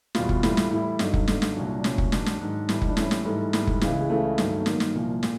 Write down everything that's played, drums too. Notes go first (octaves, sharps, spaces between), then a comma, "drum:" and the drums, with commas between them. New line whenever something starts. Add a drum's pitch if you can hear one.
E2 B2 G3 F4, drum: snare
drum: kick F1
A2 E3 G3, drum: snare
drum: snare
A2 E3 G3 E4
G2 D3 F#3 D#4, drum: snare
drum: kick F1
G2 D3 F#3, drum: snare
drum: snare
C2 A#2 F#3 D4
D4
C2 A#2 F#3 C#4, drum: snare
drum: kick F1
G#2 D#3 F#3 D4, drum: snare
drum: snare
G#2 D#3 F#3
A2 E3 G3, drum: snare
D#4, drum: kick F1
D4
A2 E3 G3 C#4, drum: snare
drum: snare
G#2 E3 G3 A3
G#2 E3 G3, drum: snare
drum: kick F1
C#2 C#3 E3 G#3, drum: snare
G#3
C#2 C#3 E3 A3
G2 D#3 F#3, drum: snare
A3
G2 D#3 F#3 A#3, drum: snare
drum: snare
C2 A#2 F3
A#2, drum: snare